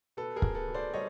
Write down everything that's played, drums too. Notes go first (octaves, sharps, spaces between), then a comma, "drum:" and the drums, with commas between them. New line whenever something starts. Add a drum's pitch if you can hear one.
B2 A4 B4
G#4 A#4
B2, drum: kick
A4 B4
B2
C5 D5
G3 C#5 D#5